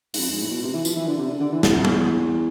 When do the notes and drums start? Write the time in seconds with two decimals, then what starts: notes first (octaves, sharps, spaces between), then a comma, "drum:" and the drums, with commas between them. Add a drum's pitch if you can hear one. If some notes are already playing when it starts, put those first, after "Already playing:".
0.14 G#2, drum: open hi-hat
0.18 F2
0.29 G#2
0.41 A2
0.52 B2
0.64 C3
0.73 E3
0.85 F3, drum: tambourine
0.96 E3
1.07 D3
1.19 C3
1.29 D3
1.40 D3
1.52 E3
1.63 C3, drum: snare
1.73 F2
1.85 E2, drum: tom